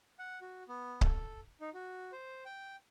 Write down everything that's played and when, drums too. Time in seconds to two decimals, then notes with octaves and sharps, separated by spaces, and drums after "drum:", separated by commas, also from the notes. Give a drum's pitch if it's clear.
0.19 F#5
0.41 F#4
0.69 B3
1.01 A4, drum: kick C#1
1.61 D#4
1.74 F#4
2.12 C5
2.45 G5